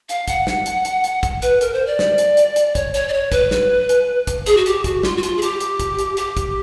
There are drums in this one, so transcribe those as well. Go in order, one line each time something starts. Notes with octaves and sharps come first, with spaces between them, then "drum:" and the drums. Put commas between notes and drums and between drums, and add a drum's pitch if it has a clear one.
F5, drum: hi-hat
F#5, drum: kick, hi-hat
drum: snare
drum: hi-hat
drum: hi-hat
drum: hi-hat
drum: kick, hi-hat
B4, drum: hi-hat
A#4, drum: hi-hat
C5
D5
drum: snare
drum: hi-hat
drum: hi-hat
drum: hi-hat
C#5, drum: kick, hi-hat
C#5, drum: hi-hat
D5
C#5
B4, drum: kick, hi-hat
drum: snare
drum: hi-hat
drum: kick, hi-hat
G#4, drum: hi-hat
F#4
G4, drum: hi-hat
F#4, drum: kick, hi-hat
F4, drum: snare
F#4
F4, drum: hi-hat
G#4
G4, drum: hi-hat
drum: hi-hat
drum: kick, hi-hat
drum: hi-hat
G4, drum: hi-hat
drum: kick, hi-hat